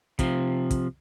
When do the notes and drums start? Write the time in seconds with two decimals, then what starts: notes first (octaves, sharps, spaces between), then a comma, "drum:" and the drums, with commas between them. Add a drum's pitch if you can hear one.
0.19 C3 F3, drum: kick, hi-hat
0.71 drum: kick, hi-hat